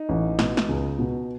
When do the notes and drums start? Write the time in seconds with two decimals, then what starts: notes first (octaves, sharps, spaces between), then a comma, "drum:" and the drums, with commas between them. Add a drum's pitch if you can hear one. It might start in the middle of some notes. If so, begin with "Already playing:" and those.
Already playing: D#4
0.09 A1
0.39 B2, drum: snare
0.57 drum: snare
0.69 C#2
0.99 B2